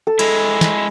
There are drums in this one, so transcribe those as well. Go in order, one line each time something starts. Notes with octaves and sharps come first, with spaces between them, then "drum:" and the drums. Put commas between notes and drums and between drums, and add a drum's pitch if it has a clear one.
A4
G#3 E4, drum: cymbal
drum: snare